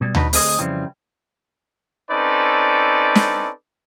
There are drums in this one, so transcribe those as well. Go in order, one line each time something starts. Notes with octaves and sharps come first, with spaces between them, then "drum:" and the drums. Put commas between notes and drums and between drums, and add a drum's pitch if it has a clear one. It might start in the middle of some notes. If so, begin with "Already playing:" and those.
B2 G3
D4 D#4 F#4 B4, drum: tom D2
D2 C4 G#4 D#5, drum: open hi-hat
F2 C#3 E3 G3 C4
C4 C#4 D#4 A4 B4 D5
drum: snare